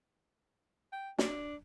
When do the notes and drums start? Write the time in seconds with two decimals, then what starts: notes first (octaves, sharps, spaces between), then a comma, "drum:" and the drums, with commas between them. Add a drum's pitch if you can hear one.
0.93 G5
1.18 D4, drum: snare